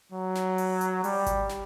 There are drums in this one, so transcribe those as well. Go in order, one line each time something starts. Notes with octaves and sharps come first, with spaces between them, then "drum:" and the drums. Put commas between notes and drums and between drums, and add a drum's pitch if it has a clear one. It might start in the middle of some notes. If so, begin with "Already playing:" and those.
F#3
drum: snare
drum: open hi-hat
drum: hi-hat
G3, drum: open hi-hat
drum: kick G#1, hi-hat
drum: snare